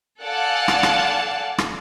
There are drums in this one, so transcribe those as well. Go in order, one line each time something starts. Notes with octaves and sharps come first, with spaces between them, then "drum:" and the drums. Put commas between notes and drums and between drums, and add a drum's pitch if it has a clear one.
A4 D5 F5 F#5 G#5 A5
drum: rim click
drum: rim click
drum: rim click